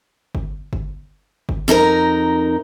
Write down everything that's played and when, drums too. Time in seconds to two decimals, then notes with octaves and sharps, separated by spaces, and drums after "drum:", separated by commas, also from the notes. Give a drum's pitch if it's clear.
0.35 drum: kick G1
0.73 drum: kick G1
1.49 drum: kick G1
1.68 F2 D#4 A4 A#4